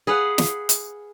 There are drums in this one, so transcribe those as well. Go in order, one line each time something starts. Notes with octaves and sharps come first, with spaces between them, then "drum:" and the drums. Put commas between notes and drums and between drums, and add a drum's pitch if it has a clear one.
G#4 B4 F5 F#5
drum: snare
drum: hi-hat